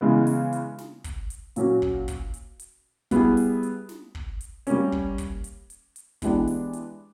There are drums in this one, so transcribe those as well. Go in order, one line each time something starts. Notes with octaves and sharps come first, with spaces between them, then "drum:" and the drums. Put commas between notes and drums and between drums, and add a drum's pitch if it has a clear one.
C#3 E3 G#3 B3
drum: open hi-hat
drum: hi-hat
drum: snare
drum: kick, hi-hat
drum: hi-hat
A#2 F#3 A#3 C#4 F#4, drum: hi-hat
drum: kick
drum: kick, hi-hat
drum: hi-hat
drum: hi-hat
G3 B3 E4 G#4, drum: kick, hi-hat
drum: open hi-hat
drum: hi-hat
drum: snare
drum: kick
drum: hi-hat
G3 A#3 C#4, drum: hi-hat
drum: kick
drum: kick, hi-hat
drum: hi-hat
drum: hi-hat
drum: hi-hat
E3 G#3 B3 D4 G4, drum: kick, hi-hat
drum: open hi-hat
drum: hi-hat